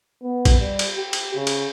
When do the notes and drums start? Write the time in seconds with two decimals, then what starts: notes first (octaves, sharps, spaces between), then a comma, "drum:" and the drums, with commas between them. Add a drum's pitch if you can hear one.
0.22 B3
0.45 drum: kick, cymbal
0.59 G3
0.79 drum: cymbal
0.96 G4
1.13 drum: cymbal
1.35 C#3
1.47 drum: cymbal